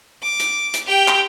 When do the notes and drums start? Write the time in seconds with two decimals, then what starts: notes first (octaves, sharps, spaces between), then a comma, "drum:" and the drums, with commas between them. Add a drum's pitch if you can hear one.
0.23 D6
0.40 drum: hi-hat
0.74 drum: hi-hat
0.87 G4 G5
1.08 drum: clap